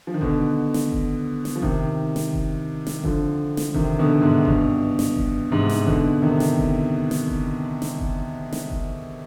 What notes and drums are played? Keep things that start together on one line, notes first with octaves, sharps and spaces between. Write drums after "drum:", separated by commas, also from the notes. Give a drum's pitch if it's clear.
F3
D#3
B2 D3, drum: kick F#1
drum: snare
drum: kick F#1
drum: snare
F3
C3 D#3, drum: kick F#1
drum: snare
drum: kick F#1
drum: snare
D3 F3, drum: kick F#1
drum: snare
C3 D#3, drum: kick F#1
B2 D3
B2
G#2 C3
G2 B2, drum: kick F#1
drum: snare
drum: kick F#1
G#2 C3
drum: snare
B2 D3, drum: kick F#1
C3 D#3
drum: snare
drum: kick F#1
drum: snare
drum: kick F#1
drum: snare
drum: kick F#1
drum: snare
drum: kick F#1